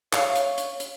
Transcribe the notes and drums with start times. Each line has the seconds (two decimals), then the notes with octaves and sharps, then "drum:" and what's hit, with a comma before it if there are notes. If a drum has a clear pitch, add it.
0.13 C#5 F5, drum: clap
0.35 drum: hi-hat
0.58 drum: hi-hat
0.80 drum: hi-hat